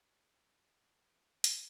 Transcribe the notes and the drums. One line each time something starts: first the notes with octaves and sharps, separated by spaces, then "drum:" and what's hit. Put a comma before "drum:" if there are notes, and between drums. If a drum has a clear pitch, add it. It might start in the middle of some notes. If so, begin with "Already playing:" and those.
Already playing: G#5
G#5, drum: hi-hat